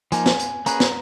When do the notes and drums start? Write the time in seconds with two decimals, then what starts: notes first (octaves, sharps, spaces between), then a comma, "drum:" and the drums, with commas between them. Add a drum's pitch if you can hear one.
0.12 F3 A#3 D#4 G#5, drum: hi-hat
0.26 drum: snare
0.39 drum: hi-hat
0.66 A#3 C#4 G#4 B4 A#5, drum: hi-hat
0.80 drum: snare